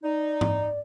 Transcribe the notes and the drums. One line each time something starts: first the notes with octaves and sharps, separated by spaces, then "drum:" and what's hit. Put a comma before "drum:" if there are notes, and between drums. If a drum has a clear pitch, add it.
D#4 D5
drum: tom G#2